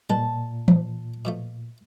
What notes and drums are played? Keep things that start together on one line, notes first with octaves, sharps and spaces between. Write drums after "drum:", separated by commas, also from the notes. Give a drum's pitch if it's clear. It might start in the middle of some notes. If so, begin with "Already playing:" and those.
A#2 G3 G#3 B4 A5
drum: tom E3
B2 F3 A3